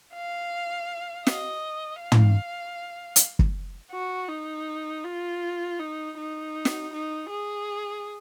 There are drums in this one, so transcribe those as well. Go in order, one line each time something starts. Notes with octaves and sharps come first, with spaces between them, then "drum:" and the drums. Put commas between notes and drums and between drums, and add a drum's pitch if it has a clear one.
F5
D#5, drum: snare
F5
drum: tom
drum: hi-hat
drum: kick
F#4
D#4
F4
D#4
D#4
drum: snare
D#4
G#4